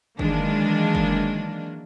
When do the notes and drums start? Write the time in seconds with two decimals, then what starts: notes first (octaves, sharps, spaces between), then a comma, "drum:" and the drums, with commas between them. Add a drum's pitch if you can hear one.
0.19 D#3 E3 F#3 G#3 A#3 D4, drum: kick
0.95 drum: kick